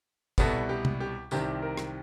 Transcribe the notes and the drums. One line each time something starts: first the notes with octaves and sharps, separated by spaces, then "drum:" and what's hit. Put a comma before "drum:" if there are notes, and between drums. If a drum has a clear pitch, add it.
C2 B2 G3 B3 A4, drum: kick, tambourine
G4
drum: tom C3
G4
C2 C3 D#3 G4, drum: tambourine
A#4
drum: rim click